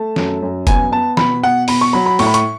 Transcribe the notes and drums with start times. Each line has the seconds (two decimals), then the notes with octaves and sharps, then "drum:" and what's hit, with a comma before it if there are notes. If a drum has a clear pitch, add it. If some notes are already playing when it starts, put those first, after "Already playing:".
Already playing: A3 A5
0.16 F#2, drum: snare
0.42 F#2
0.67 B3 G#5, drum: kick, hi-hat
0.92 B3 A5
1.17 B2 B5, drum: snare
1.43 B2 F#5
1.68 B2 B5, drum: open hi-hat
1.81 C#6
1.93 F#3 B5
2.06 B5
2.19 A2 C#6, drum: open hi-hat
2.26 B5
2.34 C#6, drum: hi-hat